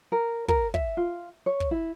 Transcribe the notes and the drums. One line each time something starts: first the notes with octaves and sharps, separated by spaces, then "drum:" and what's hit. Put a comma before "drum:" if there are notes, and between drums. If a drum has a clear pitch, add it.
A#4
A#4, drum: kick
E5, drum: kick
F4
C#5
drum: kick
E4